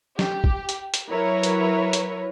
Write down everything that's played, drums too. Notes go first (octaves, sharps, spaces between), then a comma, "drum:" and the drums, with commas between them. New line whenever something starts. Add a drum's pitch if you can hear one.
G4, drum: snare
drum: kick
drum: hi-hat
drum: hi-hat
F#3 E4 A#4 B4 C#5
drum: hi-hat
drum: hi-hat